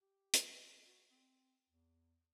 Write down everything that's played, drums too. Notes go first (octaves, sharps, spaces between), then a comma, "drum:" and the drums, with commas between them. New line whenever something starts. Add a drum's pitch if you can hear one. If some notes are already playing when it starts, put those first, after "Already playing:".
G4
drum: hi-hat
F#4
C4
E2